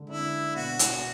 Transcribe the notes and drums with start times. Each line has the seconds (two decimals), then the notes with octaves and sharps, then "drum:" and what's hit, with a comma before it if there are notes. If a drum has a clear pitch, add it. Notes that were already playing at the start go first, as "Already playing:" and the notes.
Already playing: D3 G#3
0.09 D4 E4
0.56 B2 F#4
0.79 drum: hi-hat